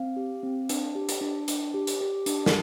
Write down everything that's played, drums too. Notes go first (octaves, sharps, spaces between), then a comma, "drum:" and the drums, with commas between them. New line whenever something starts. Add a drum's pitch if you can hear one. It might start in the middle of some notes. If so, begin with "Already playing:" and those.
Already playing: C4 F5
G4
C4
D4, drum: hi-hat
G4
drum: hi-hat
D4
D4, drum: hi-hat
G4
drum: hi-hat
G4
D4, drum: hi-hat
drum: snare